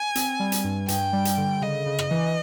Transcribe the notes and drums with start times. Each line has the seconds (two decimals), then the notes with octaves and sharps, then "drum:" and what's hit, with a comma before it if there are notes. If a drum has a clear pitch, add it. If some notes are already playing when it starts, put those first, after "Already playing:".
Already playing: G#5
0.15 C4, drum: hi-hat
0.40 G3
0.52 drum: hi-hat
0.64 G2
0.88 G2 G5, drum: hi-hat
1.13 G3
1.25 drum: hi-hat
1.37 D3
1.62 C#3 D#5
1.86 C#3
1.99 drum: rim click
2.11 E3